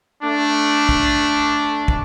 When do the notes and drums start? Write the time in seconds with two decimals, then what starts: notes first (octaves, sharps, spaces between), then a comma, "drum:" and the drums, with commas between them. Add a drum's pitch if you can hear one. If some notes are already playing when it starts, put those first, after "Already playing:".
0.23 A3 D4
0.89 drum: kick
1.88 drum: kick